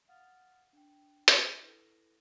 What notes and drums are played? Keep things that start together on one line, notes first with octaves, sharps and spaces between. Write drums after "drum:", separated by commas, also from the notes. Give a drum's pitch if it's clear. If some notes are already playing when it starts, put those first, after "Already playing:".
F5 F#5 D#6 F6 A6 F7
D4 G5
drum: hi-hat
E4 A4 B4 A#6 G7